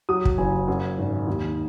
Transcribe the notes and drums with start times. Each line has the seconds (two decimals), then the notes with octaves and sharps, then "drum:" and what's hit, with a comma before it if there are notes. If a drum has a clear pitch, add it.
0.09 F#3 D#6
0.25 drum: kick
0.38 F#1 G#5
0.68 F#2
0.98 G#1
1.27 D#2